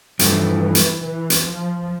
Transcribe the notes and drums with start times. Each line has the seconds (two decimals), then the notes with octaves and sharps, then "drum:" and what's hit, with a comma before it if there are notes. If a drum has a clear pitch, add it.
0.19 G2 E3 F3 A3, drum: hi-hat
0.75 drum: hi-hat
1.03 E3
1.30 drum: hi-hat
1.43 F3